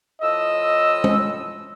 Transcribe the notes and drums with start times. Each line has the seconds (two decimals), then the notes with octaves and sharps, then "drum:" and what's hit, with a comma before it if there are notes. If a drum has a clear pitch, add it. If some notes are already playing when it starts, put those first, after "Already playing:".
0.22 A2 F3 D#5 E6
1.04 drum: tom